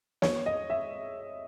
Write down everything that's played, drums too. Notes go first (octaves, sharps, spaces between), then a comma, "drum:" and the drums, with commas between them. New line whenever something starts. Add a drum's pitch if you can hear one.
C#5, drum: snare
D#5
E5